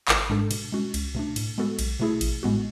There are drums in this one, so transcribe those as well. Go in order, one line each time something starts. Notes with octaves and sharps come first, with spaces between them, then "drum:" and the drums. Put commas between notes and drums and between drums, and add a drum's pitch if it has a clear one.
G#1, drum: clap
G#2 G#3 D4 A4
B2, drum: cymbal
G#3 C#4 F#4
C#2, drum: cymbal
B2 A3 D4
A2, drum: cymbal
G#3 B3 F#4 A4
B1, drum: cymbal
B2 A3 E4 G#4
A1, drum: cymbal
A2 G#3 B3 F#4